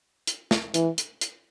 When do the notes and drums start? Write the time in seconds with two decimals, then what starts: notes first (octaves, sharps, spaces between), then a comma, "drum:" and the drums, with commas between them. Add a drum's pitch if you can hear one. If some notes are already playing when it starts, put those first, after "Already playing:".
0.27 drum: hi-hat
0.51 drum: snare
0.74 E3, drum: hi-hat
0.98 drum: hi-hat
1.21 drum: hi-hat